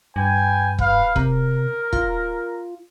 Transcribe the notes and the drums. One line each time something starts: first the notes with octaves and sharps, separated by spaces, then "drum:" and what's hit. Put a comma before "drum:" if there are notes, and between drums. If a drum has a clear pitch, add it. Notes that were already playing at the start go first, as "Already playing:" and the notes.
G2 B4 G5 G#5
B4 F5, drum: kick E1
C3 A#4, drum: kick E1
F4, drum: kick E1